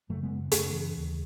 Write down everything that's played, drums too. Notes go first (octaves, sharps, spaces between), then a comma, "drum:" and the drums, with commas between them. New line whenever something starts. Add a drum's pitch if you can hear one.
F#2 C#3 F#3 A3
G#3 B3
F#2 C#3 A3 C#4, drum: hi-hat
E3
D#2 C#3